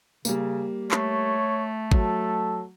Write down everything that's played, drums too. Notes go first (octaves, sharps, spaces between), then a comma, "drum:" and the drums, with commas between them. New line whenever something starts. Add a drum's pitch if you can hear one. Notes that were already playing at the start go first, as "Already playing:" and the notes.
C#3 G3 A#3, drum: tambourine
A3 C#5, drum: clap
F#3 A4, drum: kick G#1